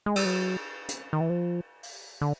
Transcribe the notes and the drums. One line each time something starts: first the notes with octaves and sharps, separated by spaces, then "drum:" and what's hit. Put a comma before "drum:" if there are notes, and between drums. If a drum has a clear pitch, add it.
G#3
G3, drum: cymbal
F#3
drum: hi-hat
D#3
E3
F3
drum: open hi-hat
D3